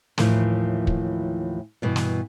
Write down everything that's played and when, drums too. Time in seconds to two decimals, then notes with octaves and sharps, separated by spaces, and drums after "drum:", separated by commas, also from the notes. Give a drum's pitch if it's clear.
0.18 D#2 A2 E3 F3, drum: snare
0.87 drum: kick
1.82 G2 B2 E3
1.96 drum: snare